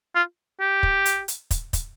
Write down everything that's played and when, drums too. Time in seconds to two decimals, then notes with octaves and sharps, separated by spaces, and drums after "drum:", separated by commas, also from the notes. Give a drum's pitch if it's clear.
0.15 F4
0.60 G4
0.83 drum: kick
1.05 drum: hi-hat
1.28 drum: hi-hat
1.51 drum: kick, hi-hat
1.73 drum: kick, hi-hat